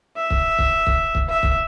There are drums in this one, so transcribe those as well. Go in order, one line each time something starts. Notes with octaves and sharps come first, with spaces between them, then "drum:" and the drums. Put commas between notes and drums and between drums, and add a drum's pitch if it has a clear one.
E5
drum: kick C#1
drum: kick C#1
drum: kick C#1
drum: kick C#1
E5
drum: kick C#1